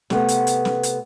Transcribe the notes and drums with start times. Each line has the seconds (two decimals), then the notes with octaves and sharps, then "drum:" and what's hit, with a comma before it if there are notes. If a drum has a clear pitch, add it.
0.10 C3 A3 B3, drum: snare
0.28 drum: hi-hat
0.47 drum: hi-hat
0.65 drum: snare
0.83 drum: hi-hat